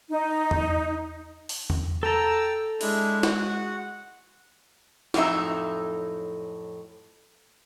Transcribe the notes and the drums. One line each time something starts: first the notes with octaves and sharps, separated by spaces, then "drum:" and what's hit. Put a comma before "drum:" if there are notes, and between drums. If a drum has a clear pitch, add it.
D#4
drum: tom E2
drum: open hi-hat
drum: tom E2
A4 G5 A5 A#5 E6
G#3 D4 E4, drum: open hi-hat
F#4 F#5, drum: snare
F2 A2 F#3 D#4 E5, drum: snare